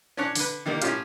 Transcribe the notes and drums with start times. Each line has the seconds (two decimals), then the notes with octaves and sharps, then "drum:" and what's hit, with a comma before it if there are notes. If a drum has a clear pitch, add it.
0.17 C#4 D4 C#5 F#6
0.35 D3 B4, drum: open hi-hat
0.66 D3 D#3 G3 A#3 D#4
0.82 A2 C#4 F4 G4 F5, drum: hi-hat